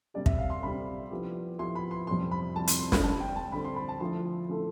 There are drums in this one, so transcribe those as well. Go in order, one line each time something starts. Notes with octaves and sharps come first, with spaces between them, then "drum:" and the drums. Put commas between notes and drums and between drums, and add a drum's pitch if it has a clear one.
C3 G3 D4 G4 D5
E5, drum: kick
F5
C6
C3 G3 D4 G4 B5
F3 B3 E4 G4
F3 B3 E4 G4 C6
B5
C6
F2 C3 G3 C4 E4 C6
B5
F2 C3 G3 C4 E4 A5
C6, drum: hi-hat
C6
B5, drum: snare
D3 G3 C4 A5
G5
A5
D3 G3 C4 B5
C6
B5
A5
D3 F3 A3 E4 A4 C6
D3 F3 A3 E4 A4